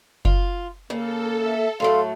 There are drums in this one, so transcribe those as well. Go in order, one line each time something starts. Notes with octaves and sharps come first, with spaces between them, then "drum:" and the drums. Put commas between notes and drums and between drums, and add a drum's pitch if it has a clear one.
F4, drum: kick F#1
C#3 A#3 A4
E5
A2 F#3 A3 A4 F5 C6